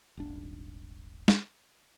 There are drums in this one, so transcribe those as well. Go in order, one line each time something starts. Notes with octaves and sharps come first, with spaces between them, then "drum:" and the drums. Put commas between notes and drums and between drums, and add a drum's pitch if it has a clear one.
D#1 G#1 D4
drum: snare